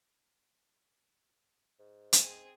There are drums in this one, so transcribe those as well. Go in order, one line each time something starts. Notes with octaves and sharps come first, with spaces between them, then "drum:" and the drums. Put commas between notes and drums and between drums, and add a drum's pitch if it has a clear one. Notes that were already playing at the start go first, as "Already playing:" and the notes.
G#2
C4 G#4, drum: hi-hat